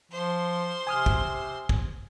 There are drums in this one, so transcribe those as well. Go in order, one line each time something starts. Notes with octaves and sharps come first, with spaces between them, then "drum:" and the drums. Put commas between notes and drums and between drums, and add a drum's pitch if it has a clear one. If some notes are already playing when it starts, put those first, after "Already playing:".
F3 C5 C6
C3 G#5 D#6 F6
drum: kick
drum: kick